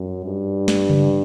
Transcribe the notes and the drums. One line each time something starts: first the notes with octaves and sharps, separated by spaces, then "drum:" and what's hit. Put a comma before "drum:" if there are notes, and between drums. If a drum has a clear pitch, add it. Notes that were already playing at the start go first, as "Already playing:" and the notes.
Already playing: F#2
G2
drum: snare
drum: tom C#3